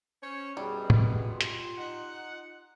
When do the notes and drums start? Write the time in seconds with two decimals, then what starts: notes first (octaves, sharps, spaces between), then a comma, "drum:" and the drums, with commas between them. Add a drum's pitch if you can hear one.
0.23 C#4 C5 C#5
0.57 F#2 B2 G3 G#4
0.90 drum: tom A2
1.19 F4
1.41 drum: hi-hat
1.78 D#4 F#5